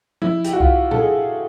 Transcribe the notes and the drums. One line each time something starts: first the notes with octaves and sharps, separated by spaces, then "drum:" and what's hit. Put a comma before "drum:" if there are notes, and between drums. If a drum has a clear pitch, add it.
E4, drum: tom F3
G4, drum: hi-hat
F#4
F4, drum: kick C2
A4, drum: tom A#2
G#4